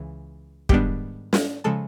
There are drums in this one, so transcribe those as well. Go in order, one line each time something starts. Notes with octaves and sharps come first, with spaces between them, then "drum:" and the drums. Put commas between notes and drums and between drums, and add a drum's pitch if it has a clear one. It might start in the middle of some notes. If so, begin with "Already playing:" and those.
Already playing: C#2 C#3 E3
G#2 D#3 G3 B3 D4 G4 G5, drum: kick
drum: snare
C#3 F3 G#3 A4 A5